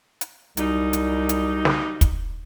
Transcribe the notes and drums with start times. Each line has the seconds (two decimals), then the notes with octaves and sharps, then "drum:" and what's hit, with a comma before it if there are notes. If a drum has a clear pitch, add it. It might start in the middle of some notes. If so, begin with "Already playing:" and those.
0.21 drum: hi-hat
0.57 C2 F#3 G3 D#4, drum: hi-hat
0.93 drum: hi-hat
1.29 drum: hi-hat
1.65 drum: snare
2.01 drum: kick, hi-hat